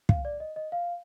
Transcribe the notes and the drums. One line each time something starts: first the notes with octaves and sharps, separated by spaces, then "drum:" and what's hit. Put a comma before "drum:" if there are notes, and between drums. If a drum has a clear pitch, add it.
F5, drum: kick
D5
D#5
D#5
F5